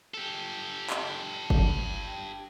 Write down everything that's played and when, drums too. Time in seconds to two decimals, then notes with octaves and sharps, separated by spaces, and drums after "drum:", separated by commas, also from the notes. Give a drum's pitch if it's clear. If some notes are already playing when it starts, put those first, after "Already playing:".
0.14 G4 A4
0.90 drum: clap
1.50 drum: kick G1